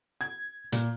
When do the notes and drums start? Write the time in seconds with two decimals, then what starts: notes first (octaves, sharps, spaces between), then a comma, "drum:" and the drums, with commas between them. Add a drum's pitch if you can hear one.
0.21 G#6
0.72 A#2, drum: hi-hat